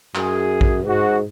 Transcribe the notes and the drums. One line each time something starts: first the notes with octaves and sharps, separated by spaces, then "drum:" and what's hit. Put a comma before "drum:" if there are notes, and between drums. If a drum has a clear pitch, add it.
F#2 G#4, drum: clap
drum: kick A#1
G#2 F#4